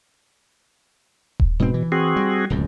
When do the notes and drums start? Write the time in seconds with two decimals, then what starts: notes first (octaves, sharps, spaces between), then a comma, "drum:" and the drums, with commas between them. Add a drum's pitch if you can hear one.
1.40 drum: kick D#1
1.60 G#2 B2 C4
1.74 E3
1.92 C4 F#4 G#4
2.16 G3
2.50 D1 C#2 F#2